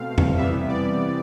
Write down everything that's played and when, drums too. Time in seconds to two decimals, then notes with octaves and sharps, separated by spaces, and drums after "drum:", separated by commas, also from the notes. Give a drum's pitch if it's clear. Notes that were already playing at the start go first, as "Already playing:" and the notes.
Already playing: B2 A3 C4 F5
0.18 drum: tom F2
0.37 C3 E3 G3 B3 E5
0.68 D5